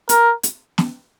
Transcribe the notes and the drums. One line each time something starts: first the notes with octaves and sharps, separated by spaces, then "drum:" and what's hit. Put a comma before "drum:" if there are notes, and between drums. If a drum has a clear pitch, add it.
A#4, drum: hi-hat
drum: hi-hat
drum: snare